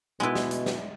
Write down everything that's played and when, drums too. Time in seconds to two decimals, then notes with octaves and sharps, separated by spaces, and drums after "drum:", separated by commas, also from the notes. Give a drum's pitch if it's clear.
0.20 B2 G#3 B3 E4 B4
0.35 drum: snare
0.51 drum: hi-hat
0.66 drum: snare